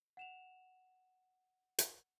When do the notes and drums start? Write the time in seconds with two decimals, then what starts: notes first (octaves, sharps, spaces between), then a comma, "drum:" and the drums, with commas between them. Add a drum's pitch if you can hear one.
0.17 F#5 E7 F7
1.79 drum: hi-hat